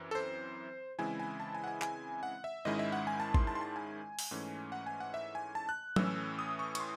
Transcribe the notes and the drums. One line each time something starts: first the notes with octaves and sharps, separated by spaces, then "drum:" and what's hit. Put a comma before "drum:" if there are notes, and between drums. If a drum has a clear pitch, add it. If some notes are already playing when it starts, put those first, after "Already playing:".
Already playing: F#2 E3 C4
A4
C5
C#3 E3 G#3 C4 E4 G#5
G#5
A5
G#5
F#5
G#5
G#5, drum: clap
F#5
E5
G#2 D#3 G#3 C#4 E4 D#5
E5
F#5
G#5
A5
C6, drum: kick G#1
A5
C6
A5
G#5
drum: open hi-hat
G#2 E3 A3 C#4
F#5
G#5
F#5
E5
G#5
A5
F#6
A2 E3 A3 C#4 E6, drum: tom F#3
D#6
C#6
C#6, drum: cymbal
C6